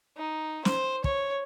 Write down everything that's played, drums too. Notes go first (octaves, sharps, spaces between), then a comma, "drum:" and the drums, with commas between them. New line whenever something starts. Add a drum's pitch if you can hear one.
D#4
C5, drum: snare
C#5, drum: kick